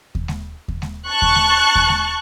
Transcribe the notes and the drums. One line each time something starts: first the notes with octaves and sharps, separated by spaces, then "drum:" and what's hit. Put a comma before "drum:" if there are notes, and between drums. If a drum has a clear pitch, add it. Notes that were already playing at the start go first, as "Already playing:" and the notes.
drum: kick D#2
drum: snare G#3
drum: kick D#2
drum: snare G#3
A5 C#6 F#6
drum: kick D#2
drum: snare G#3
drum: kick D#2
drum: snare G#3